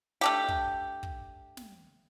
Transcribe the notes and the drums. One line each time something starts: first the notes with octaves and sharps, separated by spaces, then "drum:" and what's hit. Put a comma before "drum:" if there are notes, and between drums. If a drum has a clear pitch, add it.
A3 D4 G4
drum: kick
drum: kick
drum: snare